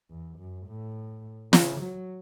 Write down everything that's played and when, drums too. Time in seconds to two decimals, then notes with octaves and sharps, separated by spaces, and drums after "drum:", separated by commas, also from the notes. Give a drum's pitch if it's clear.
0.10 E2
0.38 F#2
0.67 A2
1.53 C#3, drum: snare
1.81 F#3